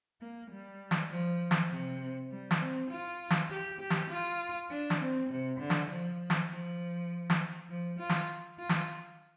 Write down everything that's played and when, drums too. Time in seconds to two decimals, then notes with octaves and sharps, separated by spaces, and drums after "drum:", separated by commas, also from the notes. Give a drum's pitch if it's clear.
0.21 A#3
0.51 G3
0.91 drum: snare
1.11 F3
1.51 drum: snare
1.71 C3
2.31 G3
2.51 drum: snare
2.61 C4
2.91 F4
3.30 drum: snare
3.50 G4
3.81 G4
3.90 drum: snare
4.10 F4
4.70 D4
4.90 drum: snare
5.00 C4
5.30 C3
5.60 D3
5.70 drum: snare
5.90 F3
6.30 drum: snare
6.50 F3
7.30 drum: snare
7.70 F3
7.99 F4
8.09 drum: snare
8.59 F4
8.69 drum: snare